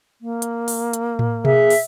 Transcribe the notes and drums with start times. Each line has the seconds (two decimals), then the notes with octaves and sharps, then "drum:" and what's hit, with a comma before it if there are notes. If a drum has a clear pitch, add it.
0.21 A#3
0.42 drum: hi-hat
0.68 drum: open hi-hat
0.93 drum: hi-hat
1.19 drum: tom A2
1.45 G#4 E5, drum: tom B2
1.70 drum: open hi-hat